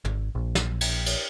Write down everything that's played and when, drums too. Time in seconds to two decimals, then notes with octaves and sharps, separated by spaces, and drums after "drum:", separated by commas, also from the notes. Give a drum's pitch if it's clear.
0.05 G#1, drum: tom
0.35 A#1
0.55 drum: snare
0.81 drum: cymbal
1.06 drum: cymbal